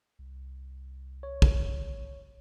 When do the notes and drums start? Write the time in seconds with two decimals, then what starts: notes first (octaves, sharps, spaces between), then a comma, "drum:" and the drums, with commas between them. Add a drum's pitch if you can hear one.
0.19 C2
1.23 C#5
1.42 drum: kick